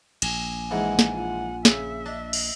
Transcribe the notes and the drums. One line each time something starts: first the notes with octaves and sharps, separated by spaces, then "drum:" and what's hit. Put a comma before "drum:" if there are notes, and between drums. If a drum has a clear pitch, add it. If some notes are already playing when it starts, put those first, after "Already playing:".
A#1 G#5, drum: cymbal
G#2 E3 G#3 F#5
drum: snare
F4 F#5
C#3 E5, drum: snare
D4 D#5
drum: cymbal